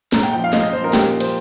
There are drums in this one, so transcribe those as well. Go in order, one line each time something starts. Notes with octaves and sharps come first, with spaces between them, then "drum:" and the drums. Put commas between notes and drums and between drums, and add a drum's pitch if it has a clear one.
A#2 A#5, drum: snare
G5
F3 G5
F5
A#2 D#5, drum: snare
D#5
F3 C5
A#4
A#2 G4, drum: snare
F3
C5, drum: cymbal